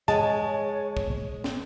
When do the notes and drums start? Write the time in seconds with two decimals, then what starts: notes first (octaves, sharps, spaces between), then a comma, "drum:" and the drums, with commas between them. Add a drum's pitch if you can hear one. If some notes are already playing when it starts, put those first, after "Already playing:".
0.08 G#3 C#5 A5, drum: hi-hat
0.97 drum: kick
1.44 drum: snare